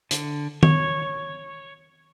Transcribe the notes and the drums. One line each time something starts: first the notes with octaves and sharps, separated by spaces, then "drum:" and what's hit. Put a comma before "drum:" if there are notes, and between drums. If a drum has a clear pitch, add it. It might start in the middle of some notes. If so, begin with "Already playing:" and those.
D3, drum: hi-hat
C#5, drum: tom